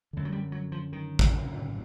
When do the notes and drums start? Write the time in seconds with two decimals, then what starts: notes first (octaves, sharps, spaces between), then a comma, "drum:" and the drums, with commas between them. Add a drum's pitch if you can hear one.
0.13 F#2 D3
0.25 F#3
0.32 G3
0.52 F#3
0.72 F3
0.93 D#3
1.19 drum: kick A1